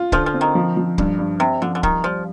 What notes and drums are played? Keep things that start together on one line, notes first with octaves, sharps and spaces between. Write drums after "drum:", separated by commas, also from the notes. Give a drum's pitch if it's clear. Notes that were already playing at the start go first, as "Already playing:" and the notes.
Already playing: F4
D3 F3, drum: kick C#1
F3
C4
D#3
F3
F3
G2, drum: kick C#1
G2
C3 C4
D3 F3
D3
D#3 G3, drum: kick C#1
F3 G3